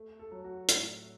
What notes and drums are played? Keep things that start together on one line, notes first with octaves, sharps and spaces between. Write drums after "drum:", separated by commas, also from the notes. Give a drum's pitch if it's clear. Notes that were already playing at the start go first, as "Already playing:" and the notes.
Already playing: A3
A4
F#3
F#4
A2, drum: hi-hat